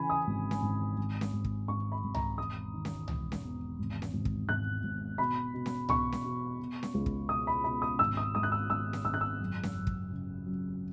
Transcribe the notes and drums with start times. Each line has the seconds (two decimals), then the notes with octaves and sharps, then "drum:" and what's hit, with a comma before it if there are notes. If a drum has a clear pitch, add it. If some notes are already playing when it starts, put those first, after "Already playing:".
Already playing: C#3 E3 G#5 B5
0.10 D#6
0.27 G#1
0.51 drum: snare C#4
0.62 G#1
0.97 G#1
1.21 drum: snare C#4
1.33 G#1
1.45 drum: kick
1.68 G#1 C#6
1.92 B5
2.04 G#1
2.15 A#5, drum: tom C2
2.38 E1 D#6
2.73 D#3
2.85 drum: snare C#4
3.08 E1, drum: tom C2
3.32 drum: snare C#4
3.44 E2
3.79 G#1
4.02 drum: snare C#4
4.13 G#1
4.25 drum: kick
4.49 G#1 F#6
4.83 G#1
5.18 B2 B5
5.54 B2
5.66 drum: snare C#4
5.89 B2 C#6, drum: tom C2
6.12 drum: snare C#4
6.24 B2
6.60 B2
6.83 drum: snare C#4
6.94 C#2
7.06 drum: kick
7.29 B2 D#6
7.47 B5
7.64 B2 B5
7.82 D#6
7.99 G#1 E6
8.17 D#6
8.35 G#1 D#6
8.43 F#6
8.52 E6
8.69 G#1 E6
8.93 drum: snare C#4
9.05 G#1 E6
9.14 F#6
9.21 E6
9.40 F#1
9.63 drum: snare C#4
9.75 F#1
9.87 drum: kick
10.11 C#3
10.46 F#2